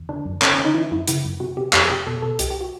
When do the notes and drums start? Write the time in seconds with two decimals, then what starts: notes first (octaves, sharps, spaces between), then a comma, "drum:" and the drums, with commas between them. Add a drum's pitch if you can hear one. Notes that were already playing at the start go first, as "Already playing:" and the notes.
Already playing: E2
0.09 D3 D4
0.25 F#2
0.42 D3 C#4, drum: clap
0.54 C#4
0.59 D3
0.65 D#4
0.74 E3 E4
0.91 F#2 E4
1.08 C#3 E4, drum: hi-hat
1.25 F#2
1.40 C3 F#4
1.57 C3 G4
1.73 F2 G4, drum: clap
1.81 G#4
1.90 C3 G4
2.07 B2 A4
2.22 B2 A4
2.39 C2 G4, drum: hi-hat
2.50 G4
2.61 F#4